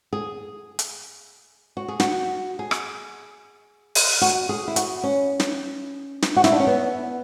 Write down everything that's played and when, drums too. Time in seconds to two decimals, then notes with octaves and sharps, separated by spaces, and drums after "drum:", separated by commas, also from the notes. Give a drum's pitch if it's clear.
0.13 G#4
0.79 drum: hi-hat
1.77 F#4
1.88 G#4
2.00 F#4, drum: snare
2.59 G#4
2.71 drum: rim click
3.95 drum: open hi-hat
4.21 F#4
4.49 G#4
4.68 E4
4.76 F#4, drum: hi-hat
5.03 C#4
5.40 drum: snare
6.22 drum: snare
6.36 F#4
6.44 E4, drum: snare
6.52 D4
6.60 C#4
6.67 B3